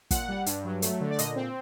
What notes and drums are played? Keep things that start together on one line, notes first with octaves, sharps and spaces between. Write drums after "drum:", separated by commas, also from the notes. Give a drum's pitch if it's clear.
A#2 F#5, drum: kick, hi-hat
G3
G2, drum: hi-hat
F#3
A3, drum: hi-hat
D3
D5
A#2 D#5, drum: hi-hat
C4